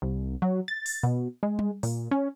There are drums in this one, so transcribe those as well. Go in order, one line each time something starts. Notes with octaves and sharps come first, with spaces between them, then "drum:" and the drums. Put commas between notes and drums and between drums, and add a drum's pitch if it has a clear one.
C2
F#3
A6
drum: open hi-hat
B2
G#3
drum: tom G3
A#2, drum: open hi-hat
C#4